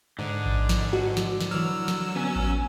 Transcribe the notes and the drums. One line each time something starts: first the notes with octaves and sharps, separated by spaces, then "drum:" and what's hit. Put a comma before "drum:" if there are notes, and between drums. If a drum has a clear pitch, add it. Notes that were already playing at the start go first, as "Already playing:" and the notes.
G#2 D3
drum: kick A1
drum: snare
F#4
drum: snare
drum: snare
E3 F#3 E6 F6
drum: snare
B3 C#4 G#5
drum: kick A1